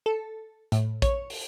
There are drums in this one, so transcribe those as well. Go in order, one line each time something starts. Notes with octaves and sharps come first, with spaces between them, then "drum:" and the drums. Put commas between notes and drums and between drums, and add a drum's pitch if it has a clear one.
A4
A2, drum: hi-hat
C#5, drum: kick, hi-hat
drum: open hi-hat